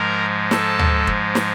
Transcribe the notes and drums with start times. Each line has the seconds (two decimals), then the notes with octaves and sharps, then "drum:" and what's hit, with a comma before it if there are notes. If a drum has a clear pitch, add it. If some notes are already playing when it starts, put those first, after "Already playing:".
Already playing: G#2 F3 G#3 A#4 A#5
0.51 A4 A5, drum: snare
0.79 drum: tom
1.07 drum: kick
1.35 drum: snare